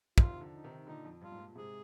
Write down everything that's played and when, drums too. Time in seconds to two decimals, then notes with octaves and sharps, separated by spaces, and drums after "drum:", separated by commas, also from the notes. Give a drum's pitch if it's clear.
0.18 C3 D#3 F4, drum: kick
0.41 D3 F3
0.52 D#4
0.64 C3 D#3
0.87 A#2 D3 D#4
1.04 F2
1.21 G2 F4
1.32 G#2
1.38 G2 A#2
1.55 G#2 C3 G#4